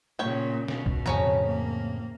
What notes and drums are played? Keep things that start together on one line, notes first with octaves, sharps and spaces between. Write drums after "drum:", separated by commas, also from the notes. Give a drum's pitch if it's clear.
A#2 C#3 C#5 G5
B2, drum: snare
drum: kick B1
F2 A2 C#3 C#4 C#5 A#5
A#3